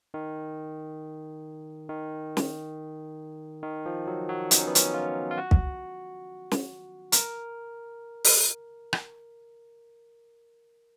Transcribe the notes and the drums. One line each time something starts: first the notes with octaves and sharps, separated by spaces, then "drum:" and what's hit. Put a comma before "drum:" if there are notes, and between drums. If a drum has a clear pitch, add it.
D#3
D#3
drum: snare
D#3
F3
F#3
F#3
D#4, drum: hi-hat
C#4
B3
C#4, drum: hi-hat
F4
F4
F#4
drum: kick
drum: snare
A#4, drum: hi-hat
drum: open hi-hat
drum: rim click